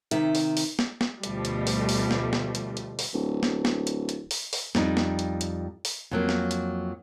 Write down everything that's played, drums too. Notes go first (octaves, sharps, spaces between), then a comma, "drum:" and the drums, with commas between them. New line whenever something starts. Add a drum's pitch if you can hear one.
C3 D#3 E5, drum: hi-hat
drum: open hi-hat
drum: open hi-hat
drum: snare
drum: snare
D2 B2 F3 G3 A3, drum: hi-hat
drum: hi-hat
drum: open hi-hat
drum: open hi-hat
drum: snare
drum: snare
drum: hi-hat
drum: hi-hat
drum: open hi-hat
D1
drum: snare
drum: snare
drum: hi-hat
drum: hi-hat
drum: open hi-hat
drum: open hi-hat
F2 G3 D#4, drum: snare
drum: snare
drum: hi-hat
drum: hi-hat
drum: open hi-hat
F2 F#3 A#3
drum: snare
drum: hi-hat